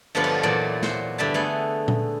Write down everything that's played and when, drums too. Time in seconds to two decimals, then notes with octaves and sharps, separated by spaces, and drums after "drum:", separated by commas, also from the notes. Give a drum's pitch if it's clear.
0.15 G2 D3 F3 F#3 B3 F4
0.24 drum: cymbal
0.43 E2 A#2 F#3 D5
0.83 F#4 C5, drum: snare
1.18 G2 D3 G3 E5 A5
1.34 A3 B3 G#4
1.88 drum: tom A#2